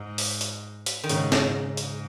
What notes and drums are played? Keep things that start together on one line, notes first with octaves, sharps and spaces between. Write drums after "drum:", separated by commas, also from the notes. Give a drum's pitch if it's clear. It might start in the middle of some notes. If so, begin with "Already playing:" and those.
Already playing: G#2
drum: open hi-hat
drum: hi-hat
drum: hi-hat
D#3
G#2 C#3, drum: hi-hat
drum: snare
G#2
drum: hi-hat